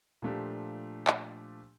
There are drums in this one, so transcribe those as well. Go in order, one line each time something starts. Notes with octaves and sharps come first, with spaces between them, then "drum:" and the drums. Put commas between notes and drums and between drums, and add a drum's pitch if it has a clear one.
A#2 F3 A3 D4 G4
drum: clap